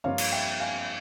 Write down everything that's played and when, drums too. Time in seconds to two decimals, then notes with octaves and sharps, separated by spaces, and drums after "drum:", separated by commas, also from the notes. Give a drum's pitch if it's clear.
0.04 G2 F3 A#3 F4 C#5 F5
0.18 drum: cymbal
0.32 E5 G5
0.60 F5 G#5